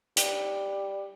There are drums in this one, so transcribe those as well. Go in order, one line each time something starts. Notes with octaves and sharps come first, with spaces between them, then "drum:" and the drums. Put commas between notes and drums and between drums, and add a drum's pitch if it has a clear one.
G3, drum: hi-hat